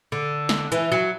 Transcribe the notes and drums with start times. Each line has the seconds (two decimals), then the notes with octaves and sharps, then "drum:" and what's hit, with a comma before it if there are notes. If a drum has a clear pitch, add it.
0.12 D3
0.49 drum: snare
0.72 E3, drum: hi-hat
0.92 F#3